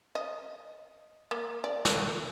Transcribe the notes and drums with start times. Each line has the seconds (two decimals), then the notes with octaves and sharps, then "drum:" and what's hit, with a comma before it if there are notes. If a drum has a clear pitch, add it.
0.15 D#5
1.31 A#3
1.64 D5
1.85 A3, drum: snare